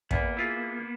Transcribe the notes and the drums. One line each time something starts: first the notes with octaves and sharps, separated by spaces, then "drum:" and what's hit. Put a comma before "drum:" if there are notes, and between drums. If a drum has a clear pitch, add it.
E2 A#3 B3, drum: kick
E4 F4 G#4